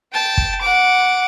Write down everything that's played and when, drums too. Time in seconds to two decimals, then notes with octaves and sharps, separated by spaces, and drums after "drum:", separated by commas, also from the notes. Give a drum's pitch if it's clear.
0.12 G5 A5
0.38 drum: kick
0.61 F#5 D6